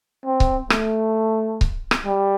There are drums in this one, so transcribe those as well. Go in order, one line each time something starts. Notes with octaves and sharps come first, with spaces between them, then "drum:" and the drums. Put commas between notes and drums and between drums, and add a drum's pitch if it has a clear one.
C4
drum: kick C#1
A3, drum: rim click
drum: kick C#1
drum: rim click
G3